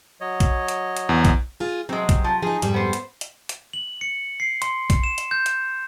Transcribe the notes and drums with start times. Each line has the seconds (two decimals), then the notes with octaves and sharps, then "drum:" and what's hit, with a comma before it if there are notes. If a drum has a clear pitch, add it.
0.21 F#3 C#5 D#5
0.40 drum: kick, hi-hat
0.68 drum: hi-hat
0.97 drum: hi-hat
1.09 E2
1.25 drum: kick, hi-hat
1.60 F4 G#4
1.89 C3 F#3 G#3 C4
2.09 drum: kick, hi-hat
2.24 F3
2.42 F3 D#4 G#4
2.62 F2 G#2 G3, drum: hi-hat
2.74 B3 C5
2.93 drum: hi-hat
3.21 drum: hi-hat
3.49 drum: hi-hat
3.73 F#7
4.01 C#7
4.40 C7
4.62 C6, drum: hi-hat
4.90 drum: kick, hi-hat
5.03 E7
5.18 drum: hi-hat
5.31 G6
5.46 drum: hi-hat